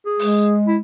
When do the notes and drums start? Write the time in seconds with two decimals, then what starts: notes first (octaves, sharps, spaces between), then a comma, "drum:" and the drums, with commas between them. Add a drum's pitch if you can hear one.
0.06 G#4
0.19 G#3, drum: open hi-hat
0.67 E4